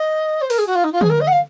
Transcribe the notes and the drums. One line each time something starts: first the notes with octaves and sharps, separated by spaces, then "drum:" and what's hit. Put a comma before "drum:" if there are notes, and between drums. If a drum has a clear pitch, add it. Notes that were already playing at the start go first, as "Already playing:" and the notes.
Already playing: D#5
C5
A#4, drum: open hi-hat
G#4
F#4
F4
D#4
F4
G#4, drum: tom
A#4
D#5
F#5
F5